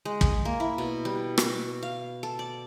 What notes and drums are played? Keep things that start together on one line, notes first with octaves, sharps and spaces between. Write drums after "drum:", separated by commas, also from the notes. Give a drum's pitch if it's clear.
G#3
G#4, drum: kick
A#3
E4
B2
G3
F#4, drum: rim click
F5
A4
D5